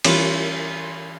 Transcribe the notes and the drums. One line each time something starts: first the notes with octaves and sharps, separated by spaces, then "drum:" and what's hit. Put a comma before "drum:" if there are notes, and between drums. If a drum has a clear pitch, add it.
E3 G3 C#4 F4, drum: cymbal